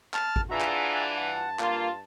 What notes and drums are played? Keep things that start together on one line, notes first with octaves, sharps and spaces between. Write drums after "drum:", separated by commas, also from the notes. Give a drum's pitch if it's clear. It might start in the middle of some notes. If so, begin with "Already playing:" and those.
A5 F6, drum: clap
drum: kick G#1
E3 D4 F4 G#4 E5 F#5 G#5 A#5
drum: clap
G2 F#5 A5
A#3 F4, drum: clap